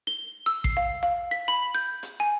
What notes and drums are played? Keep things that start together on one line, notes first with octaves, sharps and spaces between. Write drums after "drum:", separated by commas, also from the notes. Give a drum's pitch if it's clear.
G7
E6
C7, drum: kick A1
F5
F5
B6
B5
G6
drum: hi-hat
G#5